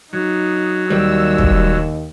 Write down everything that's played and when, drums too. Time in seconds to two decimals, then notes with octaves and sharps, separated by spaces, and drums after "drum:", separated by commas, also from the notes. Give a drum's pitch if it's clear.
0.13 F#3 D#4
0.90 D#2 G3 E6
1.38 drum: kick